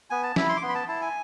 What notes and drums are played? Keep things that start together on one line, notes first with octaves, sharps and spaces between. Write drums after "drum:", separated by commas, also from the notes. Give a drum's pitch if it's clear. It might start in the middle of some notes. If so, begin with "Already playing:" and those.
B3 G#5
A5
E4 B5, drum: snare
C6
D6
B3 C6
B5
A5
E4 A5
G#5